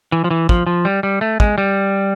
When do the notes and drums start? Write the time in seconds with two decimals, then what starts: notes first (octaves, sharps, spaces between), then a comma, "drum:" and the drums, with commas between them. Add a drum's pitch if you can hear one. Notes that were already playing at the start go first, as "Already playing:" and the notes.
0.12 E3
0.24 F3
0.30 E3
0.49 F3, drum: kick
0.67 F3
0.85 G3
1.03 G3
1.21 A3
1.40 G#3, drum: kick
1.58 G3